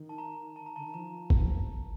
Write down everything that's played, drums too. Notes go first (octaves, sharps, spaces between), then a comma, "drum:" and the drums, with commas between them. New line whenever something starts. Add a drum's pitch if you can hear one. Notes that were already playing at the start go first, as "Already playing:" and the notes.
Already playing: D#3
A5
A#5
A5
A#5
D3 A5
D#3
F3 A#5
drum: kick